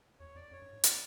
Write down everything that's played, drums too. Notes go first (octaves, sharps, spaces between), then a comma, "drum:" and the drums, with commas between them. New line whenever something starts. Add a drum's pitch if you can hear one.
E2 C#5
F2 D5
F#2 C#5
G2
G#2
D5, drum: hi-hat